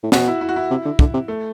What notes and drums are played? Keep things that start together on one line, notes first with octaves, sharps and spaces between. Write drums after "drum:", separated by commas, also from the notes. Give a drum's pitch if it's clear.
A2
B2 F#4, drum: snare
E4
E4
F#4
E4
C3
D3
D3, drum: kick
C3
A3